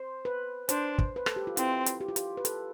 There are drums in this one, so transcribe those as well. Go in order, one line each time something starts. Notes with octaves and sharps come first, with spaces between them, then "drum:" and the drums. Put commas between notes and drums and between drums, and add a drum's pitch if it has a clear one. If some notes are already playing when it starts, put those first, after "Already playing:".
Already playing: C5
B4
D4 C5, drum: hi-hat
drum: kick
B4
A4, drum: rim click
G4
F4
C4 E4, drum: hi-hat
drum: hi-hat
G4
F4
G4, drum: hi-hat
B4
A4, drum: hi-hat